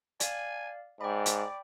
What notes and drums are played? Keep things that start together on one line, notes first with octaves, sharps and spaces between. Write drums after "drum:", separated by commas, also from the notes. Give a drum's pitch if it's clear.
D5 F5 G#5, drum: hi-hat
G#2 D5 G5 B5
drum: hi-hat